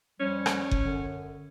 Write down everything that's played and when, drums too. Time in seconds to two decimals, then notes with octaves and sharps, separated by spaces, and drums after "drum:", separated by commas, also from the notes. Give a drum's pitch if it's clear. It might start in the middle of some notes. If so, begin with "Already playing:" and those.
0.20 F2 F3 G3 C#4
0.46 drum: rim click
0.71 drum: kick F#1
0.84 F#2 D3